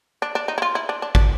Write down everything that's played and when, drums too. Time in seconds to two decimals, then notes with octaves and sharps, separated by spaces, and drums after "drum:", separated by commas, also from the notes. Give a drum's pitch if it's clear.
0.22 D4
0.35 D4
0.48 D#4
0.58 E4
0.62 F4
0.75 E4
0.89 D4
1.02 D4
1.15 D4, drum: kick